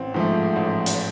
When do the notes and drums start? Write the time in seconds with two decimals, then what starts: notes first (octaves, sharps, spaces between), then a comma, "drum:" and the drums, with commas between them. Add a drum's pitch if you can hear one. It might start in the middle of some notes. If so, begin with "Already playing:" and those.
Already playing: A1 C4
0.14 G#2 F3 A3
0.56 A1
0.86 drum: hi-hat